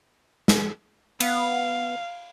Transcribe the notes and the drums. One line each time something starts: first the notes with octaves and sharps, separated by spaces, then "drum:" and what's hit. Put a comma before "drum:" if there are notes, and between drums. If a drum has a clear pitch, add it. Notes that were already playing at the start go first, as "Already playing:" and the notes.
drum: snare
B3 F5, drum: cymbal